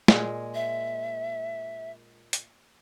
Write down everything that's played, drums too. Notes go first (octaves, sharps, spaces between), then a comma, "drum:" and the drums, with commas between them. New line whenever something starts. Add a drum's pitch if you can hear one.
A#2 G#3, drum: snare
E5
drum: hi-hat